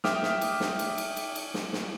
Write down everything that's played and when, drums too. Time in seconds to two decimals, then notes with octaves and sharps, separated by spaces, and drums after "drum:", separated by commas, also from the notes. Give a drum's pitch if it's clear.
0.04 E5 G5 D6 D#6 F6, drum: snare
0.23 drum: snare
0.41 drum: cymbal
0.60 drum: snare
0.79 drum: cymbal
0.98 drum: cymbal
1.17 drum: cymbal
1.35 drum: cymbal
1.54 drum: snare
1.73 drum: snare